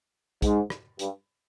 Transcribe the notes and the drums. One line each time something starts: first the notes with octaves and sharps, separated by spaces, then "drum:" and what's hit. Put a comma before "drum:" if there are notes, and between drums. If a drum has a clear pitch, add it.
G#2, drum: kick, hi-hat
drum: rim click
G2, drum: hi-hat